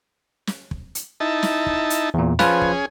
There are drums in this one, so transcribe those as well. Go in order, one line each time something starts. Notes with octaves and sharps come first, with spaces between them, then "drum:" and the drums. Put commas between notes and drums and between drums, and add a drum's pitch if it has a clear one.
drum: snare
drum: kick
drum: hi-hat
D#4 E4 A5
drum: snare
drum: kick
drum: hi-hat
E2 A#2
F3 C#4 F4 G#4 B4, drum: snare
drum: kick